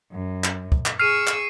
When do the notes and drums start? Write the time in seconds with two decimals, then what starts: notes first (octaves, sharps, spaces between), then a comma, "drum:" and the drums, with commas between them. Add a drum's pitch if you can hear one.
0.12 F#2
0.44 drum: clap
0.72 drum: kick
0.86 drum: clap
1.00 G#4 C#6 E6 F6 C7 D#7
1.27 drum: clap